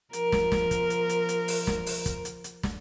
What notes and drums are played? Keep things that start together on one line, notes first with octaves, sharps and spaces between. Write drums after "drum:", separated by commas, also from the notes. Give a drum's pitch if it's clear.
F3 A#4, drum: hi-hat
drum: snare
drum: snare
drum: kick, hi-hat
drum: hi-hat
drum: hi-hat
drum: hi-hat
drum: open hi-hat
drum: snare
drum: open hi-hat
drum: kick, hi-hat
drum: hi-hat
drum: hi-hat
drum: snare